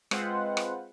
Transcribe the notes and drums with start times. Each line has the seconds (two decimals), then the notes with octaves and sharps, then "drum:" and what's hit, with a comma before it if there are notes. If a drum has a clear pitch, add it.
0.11 G#3 C4 F4 B4 C5 F#5, drum: rim click
0.57 drum: rim click